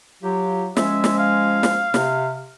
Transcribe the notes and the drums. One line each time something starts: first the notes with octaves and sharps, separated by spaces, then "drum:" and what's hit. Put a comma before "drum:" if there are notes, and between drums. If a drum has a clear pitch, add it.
F#3 F4 G4
F3 G#3 C#4 E5, drum: snare
drum: snare
F5
drum: snare
C3, drum: snare